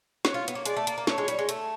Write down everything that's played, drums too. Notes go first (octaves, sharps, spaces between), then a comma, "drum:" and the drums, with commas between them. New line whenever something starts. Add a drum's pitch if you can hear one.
F#4 C#5, drum: snare
F4
B3, drum: hi-hat
A#3
G#3 D5, drum: hi-hat
A3
A#3, drum: hi-hat
A#3
A3 C#5, drum: snare
G#3
G3, drum: hi-hat
G#3
A3, drum: hi-hat